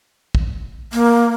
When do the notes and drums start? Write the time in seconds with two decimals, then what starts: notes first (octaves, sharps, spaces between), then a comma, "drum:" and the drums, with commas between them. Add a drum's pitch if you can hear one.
0.35 drum: kick
0.93 A#3, drum: hi-hat